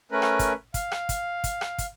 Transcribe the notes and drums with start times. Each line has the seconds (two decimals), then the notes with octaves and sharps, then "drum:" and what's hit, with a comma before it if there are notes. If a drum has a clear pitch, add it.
0.12 A3 C#4 A#4 B4
0.22 drum: rim click
0.39 drum: kick, hi-hat
0.74 F5, drum: kick, hi-hat
0.91 drum: rim click
1.09 drum: kick, hi-hat
1.44 drum: kick, hi-hat
1.61 drum: rim click
1.78 drum: kick, hi-hat